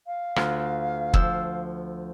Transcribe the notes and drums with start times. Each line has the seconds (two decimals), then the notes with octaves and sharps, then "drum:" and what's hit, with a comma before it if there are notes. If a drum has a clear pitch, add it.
0.07 F5
0.36 D2 F4, drum: rim click
1.14 F3 E6, drum: kick